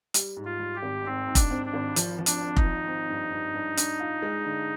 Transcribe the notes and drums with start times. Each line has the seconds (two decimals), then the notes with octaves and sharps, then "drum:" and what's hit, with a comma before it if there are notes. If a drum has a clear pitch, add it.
0.14 G3, drum: hi-hat
0.37 G#2
0.45 F4
0.60 G3
0.76 G4
0.83 G#1
1.05 G#2 C4
1.28 G#2
1.35 D4, drum: kick F1, hi-hat
1.51 C4
1.66 D4
1.74 G#1
1.96 F3, drum: hi-hat
2.19 F3
2.26 D4, drum: hi-hat
2.42 C4
2.57 D#4, drum: kick F1
2.64 F3
2.87 C4
3.10 G2
3.32 G2
3.55 G2
3.77 D4, drum: hi-hat
4.00 F4
4.22 G#3
4.45 D3